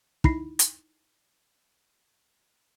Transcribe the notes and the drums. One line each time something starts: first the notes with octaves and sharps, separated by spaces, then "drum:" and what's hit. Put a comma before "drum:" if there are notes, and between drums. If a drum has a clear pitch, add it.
D#4 E4 B5 A#6 C7, drum: kick
drum: hi-hat